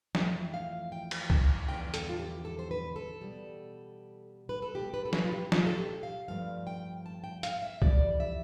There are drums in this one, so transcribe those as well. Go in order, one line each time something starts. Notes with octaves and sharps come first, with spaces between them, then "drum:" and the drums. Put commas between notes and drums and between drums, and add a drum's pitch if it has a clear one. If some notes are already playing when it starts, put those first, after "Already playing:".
F2 E3 A3 G5, drum: snare
F5
G5
drum: cymbal
A5, drum: kick C2
E2 D3 F3 G5
A4, drum: hi-hat
F4
G4
A4
C5
B4
A4
B2 G3
B4
A4
B2 A3 G4
B4
A4
B4, drum: snare
F4
G4
F4, drum: snare
A4
G4
F5
G2 F3 A3 F5
G5
A5
G5
F5, drum: hi-hat
E5
F2 E3 G3 D5, drum: kick C2
E5